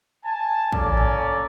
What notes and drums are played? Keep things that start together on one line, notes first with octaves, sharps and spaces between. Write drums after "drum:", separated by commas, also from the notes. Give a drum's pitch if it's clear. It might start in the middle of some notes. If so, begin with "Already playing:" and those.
G#5 A5
A#3 C#4 A4 D5, drum: kick
drum: tom G2